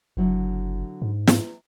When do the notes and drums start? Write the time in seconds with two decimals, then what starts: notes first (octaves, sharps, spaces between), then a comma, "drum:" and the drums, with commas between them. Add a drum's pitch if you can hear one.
0.17 F#1 D3 F#3 E4
1.02 G#2
1.27 drum: snare